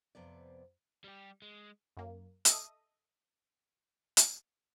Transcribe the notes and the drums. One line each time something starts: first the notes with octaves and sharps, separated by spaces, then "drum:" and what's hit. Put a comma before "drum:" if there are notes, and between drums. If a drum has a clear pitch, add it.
F2 C3 B3 D5
G3 G4
G#3
F#2 A#3
A4 D#5 E5 D#6, drum: hi-hat
drum: hi-hat